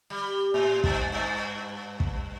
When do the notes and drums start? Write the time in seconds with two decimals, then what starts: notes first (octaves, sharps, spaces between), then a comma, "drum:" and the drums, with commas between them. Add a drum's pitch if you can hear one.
0.10 G3
0.54 A2
0.84 G2, drum: kick
1.12 G2
2.00 drum: kick